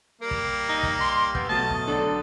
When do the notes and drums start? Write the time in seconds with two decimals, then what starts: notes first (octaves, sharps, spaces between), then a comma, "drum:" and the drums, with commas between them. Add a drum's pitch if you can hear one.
0.21 G3 A#3 A#4
0.31 drum: kick
0.69 D#4
0.83 drum: kick
1.01 C6
1.35 B3 E6 G6, drum: kick
1.49 B2 F#3 A3 D#5 A5
1.70 drum: kick
1.88 D3 F#3 D4 A4